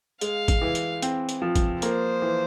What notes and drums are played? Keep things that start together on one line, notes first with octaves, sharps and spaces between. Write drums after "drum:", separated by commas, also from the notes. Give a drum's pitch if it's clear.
G#3 F5, drum: hi-hat
drum: kick, hi-hat
E3
drum: hi-hat
C4, drum: hi-hat
drum: hi-hat
F3
drum: kick, hi-hat
A#3 C5, drum: hi-hat
E3